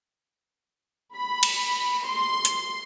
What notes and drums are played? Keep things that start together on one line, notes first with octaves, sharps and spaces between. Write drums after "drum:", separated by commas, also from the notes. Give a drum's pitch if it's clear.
B5
drum: cymbal
C6
drum: hi-hat